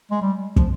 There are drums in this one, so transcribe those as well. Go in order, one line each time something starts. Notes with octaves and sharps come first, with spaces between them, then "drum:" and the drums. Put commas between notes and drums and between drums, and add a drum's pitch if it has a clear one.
G#3
G3
F3, drum: kick